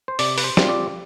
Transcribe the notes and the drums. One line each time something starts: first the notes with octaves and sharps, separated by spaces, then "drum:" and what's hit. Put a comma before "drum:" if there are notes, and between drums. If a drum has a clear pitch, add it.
C5
C3 D5, drum: open hi-hat
B4, drum: open hi-hat
C5
G3 C4 F4, drum: snare
D5